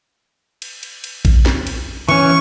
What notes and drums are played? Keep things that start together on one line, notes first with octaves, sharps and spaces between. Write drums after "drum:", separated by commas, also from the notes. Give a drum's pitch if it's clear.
drum: cymbal
drum: cymbal
drum: cymbal
drum: kick A#1, cymbal
drum: snare
drum: cymbal
E3 C#4 C#6, drum: cymbal